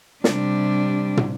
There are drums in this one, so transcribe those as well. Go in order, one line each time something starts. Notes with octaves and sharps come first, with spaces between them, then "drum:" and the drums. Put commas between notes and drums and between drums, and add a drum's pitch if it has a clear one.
C3 G3 D4, drum: snare
drum: tom